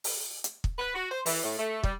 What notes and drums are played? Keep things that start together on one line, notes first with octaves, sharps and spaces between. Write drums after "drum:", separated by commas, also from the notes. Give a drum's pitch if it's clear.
drum: open hi-hat
drum: hi-hat
drum: kick
B4
F#4
C5
E3, drum: open hi-hat
A2
A3
G3, drum: kick